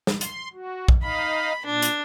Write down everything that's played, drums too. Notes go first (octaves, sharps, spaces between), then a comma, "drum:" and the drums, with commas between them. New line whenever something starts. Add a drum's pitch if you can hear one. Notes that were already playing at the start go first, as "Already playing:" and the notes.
drum: snare
C6, drum: hi-hat
F#4
drum: kick A#1
D#4 D#5 F5 B5
A#2 D4
drum: hi-hat